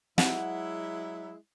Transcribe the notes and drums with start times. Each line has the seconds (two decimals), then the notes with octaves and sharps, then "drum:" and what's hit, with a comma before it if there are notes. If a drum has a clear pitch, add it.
0.18 F#3 G#3 E4 F#5, drum: snare